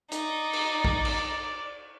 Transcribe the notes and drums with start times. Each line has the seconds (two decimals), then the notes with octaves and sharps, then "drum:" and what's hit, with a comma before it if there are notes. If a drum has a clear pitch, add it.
0.11 D#4 D5, drum: hi-hat
0.53 drum: cymbal
0.85 drum: kick A1
1.05 drum: cymbal